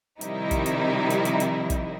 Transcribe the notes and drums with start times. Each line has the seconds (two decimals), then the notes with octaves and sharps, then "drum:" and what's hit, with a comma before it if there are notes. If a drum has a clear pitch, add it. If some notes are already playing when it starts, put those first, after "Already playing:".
0.21 C3 D#3 F3 G3 D#4 E4, drum: hi-hat
0.51 drum: kick, hi-hat
0.66 drum: hi-hat
1.10 drum: hi-hat
1.25 drum: hi-hat
1.40 drum: hi-hat
1.70 drum: kick, hi-hat